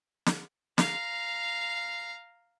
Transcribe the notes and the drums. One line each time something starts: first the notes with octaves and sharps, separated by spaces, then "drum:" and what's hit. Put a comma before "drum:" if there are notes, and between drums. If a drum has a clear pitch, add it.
drum: snare
F5 A#5, drum: snare